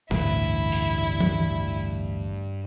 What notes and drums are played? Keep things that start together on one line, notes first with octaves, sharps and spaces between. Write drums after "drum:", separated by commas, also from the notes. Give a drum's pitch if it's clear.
A1 D2 G2 E4, drum: tom G#2
drum: open hi-hat
drum: tom E3